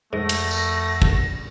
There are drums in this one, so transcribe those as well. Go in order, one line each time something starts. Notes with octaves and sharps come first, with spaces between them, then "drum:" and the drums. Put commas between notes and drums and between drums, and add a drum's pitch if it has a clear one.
F2 G#2 A3 F#5 A#6
drum: cymbal
drum: tambourine
drum: kick